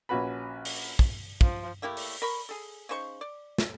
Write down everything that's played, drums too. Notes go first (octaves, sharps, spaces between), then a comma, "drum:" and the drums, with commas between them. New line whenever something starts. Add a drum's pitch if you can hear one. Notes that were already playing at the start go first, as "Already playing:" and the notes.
A#1 C#4 F#4 B4 B5
drum: open hi-hat
drum: kick
F3, drum: kick
A3 A#3 E4 G4
drum: open hi-hat
A#4 B5 C#6
G#4 A4
C#3 D#4 C5 C#6
D5
A4, drum: snare